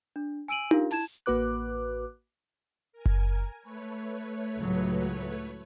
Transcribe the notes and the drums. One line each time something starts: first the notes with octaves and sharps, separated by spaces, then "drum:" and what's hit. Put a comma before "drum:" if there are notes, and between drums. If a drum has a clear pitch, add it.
D4
G#5 E6 D7 D#7 F#7
D4 F4 G4 A#4 F5, drum: tom D#4
E4 A5 G#6 E7, drum: open hi-hat
A1 A#3 F#4 B4 D6 F#6
A#4 G#5
drum: kick F#1
A3 B4 C#5
C#2 A2 F#3